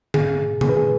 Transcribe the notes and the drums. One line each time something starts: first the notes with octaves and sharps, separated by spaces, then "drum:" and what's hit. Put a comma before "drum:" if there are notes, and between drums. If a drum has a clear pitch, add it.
G#2 G#4, drum: tom D3
D#3 G#4, drum: tom C3
B4
G#4